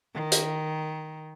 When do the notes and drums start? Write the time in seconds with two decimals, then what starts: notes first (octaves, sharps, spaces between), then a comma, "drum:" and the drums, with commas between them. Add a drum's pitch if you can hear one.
0.14 D#3
0.32 drum: hi-hat